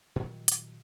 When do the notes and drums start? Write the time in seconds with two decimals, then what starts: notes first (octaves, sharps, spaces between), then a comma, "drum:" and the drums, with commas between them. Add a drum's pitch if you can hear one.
0.16 A#2 D#3 F#3 G3
0.48 drum: hi-hat